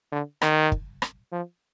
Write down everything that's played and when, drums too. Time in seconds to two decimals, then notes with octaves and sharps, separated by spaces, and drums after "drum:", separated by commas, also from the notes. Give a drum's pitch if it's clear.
0.12 D3
0.42 D#3, drum: rim click
0.72 drum: kick
1.02 drum: rim click
1.32 F3